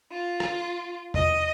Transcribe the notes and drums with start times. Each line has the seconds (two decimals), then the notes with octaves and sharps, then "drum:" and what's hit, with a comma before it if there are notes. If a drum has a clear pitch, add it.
0.10 F4
0.40 drum: rim click
1.14 D#5, drum: tom E2